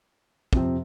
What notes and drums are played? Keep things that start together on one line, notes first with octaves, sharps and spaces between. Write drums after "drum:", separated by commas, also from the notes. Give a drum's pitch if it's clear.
F2 C3 F3 C4, drum: kick